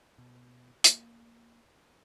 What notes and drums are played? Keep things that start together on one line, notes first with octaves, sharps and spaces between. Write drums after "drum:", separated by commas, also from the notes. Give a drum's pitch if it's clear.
B2
A#3, drum: hi-hat